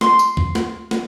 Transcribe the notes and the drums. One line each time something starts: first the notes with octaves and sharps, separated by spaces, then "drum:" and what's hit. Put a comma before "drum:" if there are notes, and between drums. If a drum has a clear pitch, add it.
C6, drum: snare
drum: tambourine
drum: kick
drum: snare
drum: snare